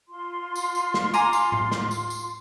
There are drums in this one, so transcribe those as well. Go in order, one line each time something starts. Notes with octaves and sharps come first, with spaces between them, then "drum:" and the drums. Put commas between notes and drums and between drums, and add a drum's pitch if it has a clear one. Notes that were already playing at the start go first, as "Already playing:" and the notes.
F4 C6
drum: tambourine
drum: tambourine
drum: snare
G#5 A#5 D6, drum: tambourine
drum: tambourine
drum: tom A2
drum: snare
drum: tambourine
drum: tambourine